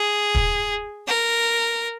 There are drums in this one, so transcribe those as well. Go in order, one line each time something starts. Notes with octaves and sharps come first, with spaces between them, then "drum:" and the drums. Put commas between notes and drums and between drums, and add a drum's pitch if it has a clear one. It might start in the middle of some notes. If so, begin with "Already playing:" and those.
Already playing: G#4
drum: kick
A#4